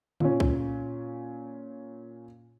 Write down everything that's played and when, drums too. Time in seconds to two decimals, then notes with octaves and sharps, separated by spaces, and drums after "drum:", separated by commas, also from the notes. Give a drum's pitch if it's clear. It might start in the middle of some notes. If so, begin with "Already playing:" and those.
0.20 A#2 C#4, drum: tom C#3
0.40 drum: kick C2